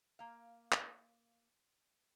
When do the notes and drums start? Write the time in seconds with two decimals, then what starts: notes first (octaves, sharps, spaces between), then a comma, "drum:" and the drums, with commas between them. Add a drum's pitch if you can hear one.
0.19 A#3 F5
0.72 drum: clap